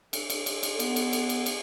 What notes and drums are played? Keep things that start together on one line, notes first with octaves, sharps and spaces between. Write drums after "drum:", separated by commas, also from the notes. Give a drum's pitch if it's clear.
A4, drum: cymbal
drum: cymbal
drum: cymbal
drum: cymbal
B3, drum: cymbal
drum: cymbal
drum: cymbal
drum: cymbal
drum: cymbal